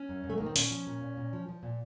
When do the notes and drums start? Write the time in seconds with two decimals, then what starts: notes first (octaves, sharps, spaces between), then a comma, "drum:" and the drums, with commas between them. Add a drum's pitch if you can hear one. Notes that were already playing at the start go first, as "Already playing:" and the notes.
Already playing: C#4
0.09 F#2
0.24 F#2
0.30 A3
0.38 D#3 A#3
0.46 C4
0.56 A#2 C#4, drum: open hi-hat
0.71 F3
0.87 A#2
1.01 A#2
1.17 A#2
1.33 F3
1.49 F3
1.63 A#2